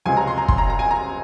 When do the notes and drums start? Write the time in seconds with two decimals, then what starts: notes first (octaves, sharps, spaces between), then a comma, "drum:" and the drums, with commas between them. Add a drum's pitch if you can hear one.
0.06 C#2 C3 F3 G#3 G#5
0.17 A#5
0.27 C6
0.38 A#5
0.48 C6, drum: kick
0.58 A#5
0.70 A#5
0.79 G#5
0.91 A#5